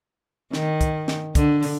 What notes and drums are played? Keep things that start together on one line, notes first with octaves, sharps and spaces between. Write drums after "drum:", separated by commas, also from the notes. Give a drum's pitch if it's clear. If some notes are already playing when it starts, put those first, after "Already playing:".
D#3, drum: snare
drum: kick, hi-hat
drum: snare
D3, drum: kick, hi-hat
drum: open hi-hat